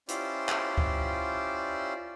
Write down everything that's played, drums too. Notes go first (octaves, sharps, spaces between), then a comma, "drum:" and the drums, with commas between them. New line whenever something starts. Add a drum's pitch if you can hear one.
C#4 E4 F4 G4 C5 D5, drum: hi-hat
drum: clap
drum: kick C#2